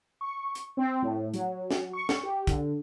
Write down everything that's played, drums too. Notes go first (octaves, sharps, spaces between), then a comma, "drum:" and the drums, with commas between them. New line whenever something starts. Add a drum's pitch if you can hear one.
C#6
drum: hi-hat
C4
A2
F#3, drum: hi-hat
drum: snare
C#6
drum: snare
G4
D3, drum: kick, hi-hat